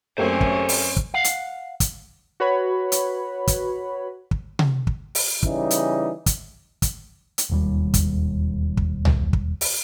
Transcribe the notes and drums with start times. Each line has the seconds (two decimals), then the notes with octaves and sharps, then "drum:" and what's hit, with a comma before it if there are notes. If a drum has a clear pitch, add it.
0.18 F#2 A3 A#3 C4 C#4 G4 C5 C#5
0.41 drum: kick
0.69 drum: open hi-hat
0.97 drum: kick
1.14 F5 F#5
1.24 drum: hi-hat
1.80 drum: kick, hi-hat
2.40 F#4 B4 C#5 B5
2.92 drum: hi-hat
3.47 drum: kick, hi-hat
4.31 drum: kick
4.59 drum: tom C3
4.87 drum: kick
5.15 drum: open hi-hat
5.43 C#3 E3 G3 D#4, drum: kick
5.71 drum: hi-hat
6.26 drum: kick, hi-hat
6.82 drum: kick, hi-hat
7.38 drum: hi-hat
7.50 E1 D#2 G3
7.94 drum: kick, hi-hat
8.77 drum: kick
9.05 drum: tom C2
9.33 drum: kick
9.61 drum: open hi-hat